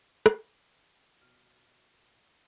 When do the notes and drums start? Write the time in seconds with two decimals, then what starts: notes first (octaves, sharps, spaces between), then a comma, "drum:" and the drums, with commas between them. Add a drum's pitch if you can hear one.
0.26 drum: rim click
1.22 B2 F#4 F6